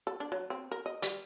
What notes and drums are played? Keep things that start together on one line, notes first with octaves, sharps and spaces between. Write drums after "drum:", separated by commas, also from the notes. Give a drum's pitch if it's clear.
A4
D4
F#3
C4
A#4
D#5
G3, drum: hi-hat